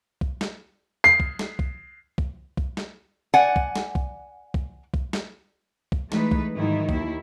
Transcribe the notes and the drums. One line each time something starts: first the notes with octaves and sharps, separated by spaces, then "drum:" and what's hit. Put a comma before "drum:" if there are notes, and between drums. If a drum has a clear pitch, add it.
drum: kick
drum: snare
C7
drum: kick
drum: snare
drum: kick
drum: kick
drum: kick
drum: snare
D5 F#5 G#5
drum: kick
drum: snare
drum: kick
drum: kick
drum: kick
drum: snare
drum: kick
E3 G#3 A3 D#4 B4, drum: snare
drum: kick
G#2 D#3 E3 F#3 D#4 E4
D#2 E4, drum: kick